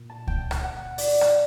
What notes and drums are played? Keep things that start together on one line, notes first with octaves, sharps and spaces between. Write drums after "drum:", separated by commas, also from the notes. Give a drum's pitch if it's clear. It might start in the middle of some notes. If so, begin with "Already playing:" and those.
Already playing: A#2
A5
G5, drum: kick C#2
drum: rim click
F#5
D5, drum: open hi-hat
drum: rim click